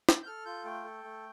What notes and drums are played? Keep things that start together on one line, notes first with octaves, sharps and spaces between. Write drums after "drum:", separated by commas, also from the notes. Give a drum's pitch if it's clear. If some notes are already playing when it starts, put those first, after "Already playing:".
drum: snare
G6
A4 F6
F4 G6
A3 G5
A4
A3